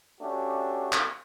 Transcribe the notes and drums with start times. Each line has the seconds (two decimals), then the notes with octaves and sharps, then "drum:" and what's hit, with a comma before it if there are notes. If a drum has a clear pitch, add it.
0.21 A3 C#4 D4 F#4 G4
0.93 drum: clap